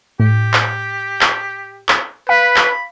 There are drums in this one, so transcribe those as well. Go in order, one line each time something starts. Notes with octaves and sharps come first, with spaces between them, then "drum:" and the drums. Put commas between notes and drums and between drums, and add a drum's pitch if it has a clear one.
A2 G4
drum: clap
drum: clap
drum: clap
B4 F5 B5
drum: clap